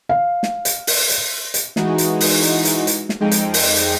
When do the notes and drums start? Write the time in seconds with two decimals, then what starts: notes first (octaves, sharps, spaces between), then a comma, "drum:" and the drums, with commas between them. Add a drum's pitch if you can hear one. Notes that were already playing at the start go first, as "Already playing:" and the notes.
0.09 F5
0.43 drum: snare
0.65 drum: hi-hat
0.87 drum: open hi-hat
1.09 drum: hi-hat
1.54 drum: hi-hat
1.76 E3 G#3 D#4 F#4, drum: snare
1.98 drum: hi-hat
2.20 drum: open hi-hat
2.43 drum: hi-hat
2.65 drum: hi-hat
2.87 drum: hi-hat
3.09 drum: snare
3.20 F2 G#3 D#4 G5
3.31 drum: hi-hat
3.54 drum: open hi-hat
3.76 drum: hi-hat